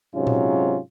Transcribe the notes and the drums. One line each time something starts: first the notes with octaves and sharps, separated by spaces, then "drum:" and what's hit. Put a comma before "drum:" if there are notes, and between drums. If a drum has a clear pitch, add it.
G#2 C3 F#3 C#4 F4
drum: tom A#2